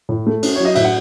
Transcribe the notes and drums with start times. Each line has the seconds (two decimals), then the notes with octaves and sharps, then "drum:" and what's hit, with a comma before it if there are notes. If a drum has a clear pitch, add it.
0.09 A2
0.26 A3
0.43 C#4, drum: cymbal
0.56 C#5
0.60 F#3
0.65 D#5
0.75 A2 E5, drum: cymbal
0.84 F#5